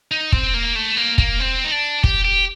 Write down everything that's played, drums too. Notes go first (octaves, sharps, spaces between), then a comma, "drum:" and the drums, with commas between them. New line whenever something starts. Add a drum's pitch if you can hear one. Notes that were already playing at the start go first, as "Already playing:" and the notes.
D#4
C4, drum: kick
A#3
A3
A#3
A#3, drum: kick
C4
D#4
D4
G4, drum: kick
G4